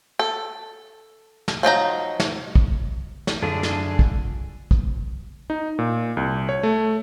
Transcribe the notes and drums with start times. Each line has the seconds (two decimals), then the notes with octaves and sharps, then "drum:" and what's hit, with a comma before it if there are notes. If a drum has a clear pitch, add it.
0.19 A4
1.48 drum: snare
1.63 F3 F#3 D#4 A#5
2.20 drum: snare
2.56 drum: kick
3.27 drum: snare
3.43 F#2 D3 D4 F4 G#4 A4
3.63 drum: snare
3.99 drum: kick
4.71 drum: kick
5.50 D#4
5.79 A#2
6.17 C2
6.49 C#5
6.63 A3